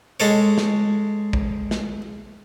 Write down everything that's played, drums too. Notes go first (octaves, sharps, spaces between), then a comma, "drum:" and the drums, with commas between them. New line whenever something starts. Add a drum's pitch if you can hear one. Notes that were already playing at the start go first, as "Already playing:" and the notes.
G#3 A4 C#5
drum: snare
drum: kick
drum: snare